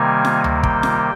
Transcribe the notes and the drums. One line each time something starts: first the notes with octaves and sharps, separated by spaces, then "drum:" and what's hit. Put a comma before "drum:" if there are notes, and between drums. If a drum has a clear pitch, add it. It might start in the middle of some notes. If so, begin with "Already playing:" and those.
Already playing: C3 D#3 G3 A#3 G#5
drum: snare F4
drum: tom D2
G5, drum: kick
drum: snare F4